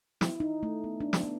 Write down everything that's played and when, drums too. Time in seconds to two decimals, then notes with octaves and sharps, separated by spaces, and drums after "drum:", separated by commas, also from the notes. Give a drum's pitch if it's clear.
0.21 E4, drum: snare
0.40 D#4
0.63 A3
0.84 B3
1.00 D4
1.13 drum: snare
1.23 B3